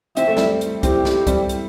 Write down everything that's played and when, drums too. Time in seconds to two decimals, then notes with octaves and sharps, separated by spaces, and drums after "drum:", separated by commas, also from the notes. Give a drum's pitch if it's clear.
0.17 C4 E5, drum: hi-hat
0.28 A3
0.37 G3 C4, drum: snare
0.61 drum: hi-hat
0.83 C4 E4 G4, drum: kick C2, hi-hat
1.05 drum: snare
1.27 G3 C4, drum: kick C2, hi-hat
1.49 drum: hi-hat